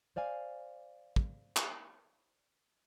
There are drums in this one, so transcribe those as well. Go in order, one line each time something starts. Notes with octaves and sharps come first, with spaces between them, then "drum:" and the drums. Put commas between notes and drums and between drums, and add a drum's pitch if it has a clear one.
C5 D5 F5 G#5
drum: kick
drum: clap